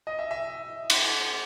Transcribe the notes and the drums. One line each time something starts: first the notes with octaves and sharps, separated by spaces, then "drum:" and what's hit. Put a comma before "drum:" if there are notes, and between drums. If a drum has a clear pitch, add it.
D#5
E5
E5
drum: cymbal